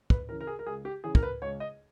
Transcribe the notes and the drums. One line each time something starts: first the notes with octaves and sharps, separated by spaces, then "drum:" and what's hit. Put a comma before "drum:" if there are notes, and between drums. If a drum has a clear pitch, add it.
B4, drum: kick
C#3 E3 A#4
A#4
G#4
A#4
C#2 G#4
G4
C#3 E3 G#4
A#4, drum: kick
B4
C#2 C#5
D#5